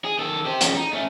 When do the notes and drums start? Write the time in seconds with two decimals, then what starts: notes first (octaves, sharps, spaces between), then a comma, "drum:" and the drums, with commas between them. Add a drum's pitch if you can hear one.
0.04 G#4
0.19 D#3 A4
0.46 G4 C5
0.61 F2 C#3, drum: hi-hat
0.76 D#4
0.93 A3 C#4